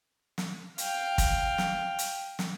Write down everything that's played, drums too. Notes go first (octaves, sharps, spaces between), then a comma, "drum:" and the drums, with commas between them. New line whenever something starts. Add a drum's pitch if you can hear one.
drum: snare
F5 G5, drum: hi-hat
drum: kick, hi-hat
drum: snare
drum: hi-hat
drum: snare